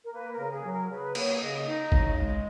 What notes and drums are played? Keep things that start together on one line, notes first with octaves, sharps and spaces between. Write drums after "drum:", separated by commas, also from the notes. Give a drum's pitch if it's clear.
A#4
A#3 B4
A#4
C#3
G#4
F#3
A#4
C#3 B4
A#3 C#5, drum: cymbal
C#3 D#5
D#4
C#3, drum: kick
G#3